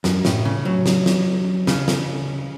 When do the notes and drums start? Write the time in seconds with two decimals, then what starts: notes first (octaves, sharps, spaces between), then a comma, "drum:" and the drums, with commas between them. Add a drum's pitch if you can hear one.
0.04 F#2, drum: snare
0.25 A2, drum: snare
0.45 C#3
0.65 F#3
0.86 drum: snare
1.06 drum: snare
1.67 C#3, drum: snare
1.88 drum: snare